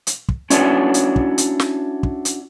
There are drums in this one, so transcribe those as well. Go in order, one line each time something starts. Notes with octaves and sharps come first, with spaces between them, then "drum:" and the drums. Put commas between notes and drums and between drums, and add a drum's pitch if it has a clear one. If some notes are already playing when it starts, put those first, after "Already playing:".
drum: hi-hat
drum: kick
C#4 D4 E4 F#4 C#5 D5, drum: hi-hat
drum: hi-hat
drum: kick
drum: hi-hat
drum: snare
drum: kick
drum: hi-hat